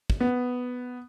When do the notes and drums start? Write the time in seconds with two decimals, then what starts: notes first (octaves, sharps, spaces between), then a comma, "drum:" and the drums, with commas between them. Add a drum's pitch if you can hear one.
0.10 drum: kick
0.20 B3